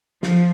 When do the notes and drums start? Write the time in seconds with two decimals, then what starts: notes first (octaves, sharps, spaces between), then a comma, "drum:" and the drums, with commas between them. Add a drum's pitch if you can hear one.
0.23 F3, drum: snare